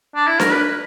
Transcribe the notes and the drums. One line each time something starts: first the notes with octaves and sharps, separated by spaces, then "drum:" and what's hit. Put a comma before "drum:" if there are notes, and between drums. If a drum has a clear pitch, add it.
D4
E4
A#4, drum: snare D4
B4